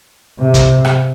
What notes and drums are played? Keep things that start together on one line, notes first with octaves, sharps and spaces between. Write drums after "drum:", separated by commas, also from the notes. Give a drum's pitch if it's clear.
C3
drum: kick, hi-hat
drum: rim click